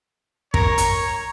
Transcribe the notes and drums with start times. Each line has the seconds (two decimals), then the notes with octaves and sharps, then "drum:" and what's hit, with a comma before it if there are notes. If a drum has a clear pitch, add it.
0.54 A#4 C#5 A#5 C#6, drum: kick
0.78 drum: hi-hat